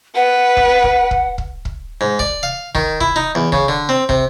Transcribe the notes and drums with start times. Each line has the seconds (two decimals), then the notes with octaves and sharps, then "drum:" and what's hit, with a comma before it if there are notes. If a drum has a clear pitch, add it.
0.15 B4 F#5
0.57 drum: kick
0.84 drum: kick
1.11 drum: kick
1.38 drum: kick
1.65 drum: kick
2.01 G#2
2.19 D5, drum: kick
2.43 F5
2.75 D#3, drum: kick
3.01 E4, drum: kick
3.16 D#4
3.35 E2
3.52 C#3, drum: kick
3.68 D3
3.89 C4
4.09 C3, drum: kick